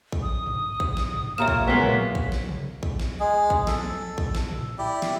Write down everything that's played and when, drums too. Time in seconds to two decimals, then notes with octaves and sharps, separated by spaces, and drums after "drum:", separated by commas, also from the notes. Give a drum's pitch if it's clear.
0.12 drum: kick
0.22 D#6
0.46 drum: tom G2
0.80 drum: kick
0.97 drum: snare
1.14 drum: tom G2
1.38 A#2 G4 C#5 E5 A#5 F6 E7
1.48 drum: kick
1.67 F#3 G#3 A#3 B3 A#4 B6
1.81 drum: tom A2
2.15 drum: kick
2.32 drum: snare
2.49 drum: tom B2
2.83 drum: kick
3.00 drum: snare
3.20 G#3 G#4
3.50 drum: kick
3.67 A4, drum: snare
3.84 drum: tom E3
4.18 drum: kick
4.35 drum: snare
4.52 drum: tom A2
4.78 E4 G4 D5
5.02 drum: snare